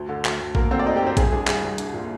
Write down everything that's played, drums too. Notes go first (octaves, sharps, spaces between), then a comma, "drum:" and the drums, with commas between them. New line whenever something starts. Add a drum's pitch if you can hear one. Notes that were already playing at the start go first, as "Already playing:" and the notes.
Already playing: D2
D3
D2, drum: clap
D2
D2 A#3 A#4, drum: kick A1
D3 C4 C5
D5
D2 D#4 D#5
G4 G5
D2 C4 C5
C2 G#4, drum: kick A1, hi-hat
D4 G#4
C2 G#4, drum: clap
C2
D4, drum: hi-hat
A#2